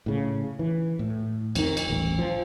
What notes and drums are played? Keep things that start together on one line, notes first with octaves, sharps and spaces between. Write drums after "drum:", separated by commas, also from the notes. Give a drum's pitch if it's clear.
A2 C#3
E3
A2
F2 D#3, drum: cymbal
drum: cymbal
D#1 A1
F3